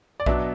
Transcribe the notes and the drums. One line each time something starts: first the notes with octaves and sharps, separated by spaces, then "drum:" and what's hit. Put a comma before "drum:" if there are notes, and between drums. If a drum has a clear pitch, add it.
D5
B2 F#3 B3 D4 E5, drum: kick A#1